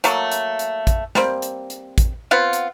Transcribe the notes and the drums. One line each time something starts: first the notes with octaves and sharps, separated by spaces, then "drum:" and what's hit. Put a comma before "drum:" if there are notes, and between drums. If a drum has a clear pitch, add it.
F#3 A3 A#3, drum: hi-hat
drum: hi-hat
drum: hi-hat
drum: kick, hi-hat
G3 A#3 C4, drum: snare
drum: hi-hat
drum: hi-hat
drum: kick, hi-hat
B3 C4 F4 F#5
drum: hi-hat